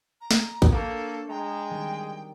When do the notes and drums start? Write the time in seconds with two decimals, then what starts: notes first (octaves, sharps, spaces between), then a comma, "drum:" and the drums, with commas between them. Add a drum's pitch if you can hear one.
0.21 A#5
0.31 drum: snare
0.62 drum: kick A1
0.72 A#3 D4 A4 C#5 G6
1.29 G#3 G5 A#5
1.70 D#3 G3 C4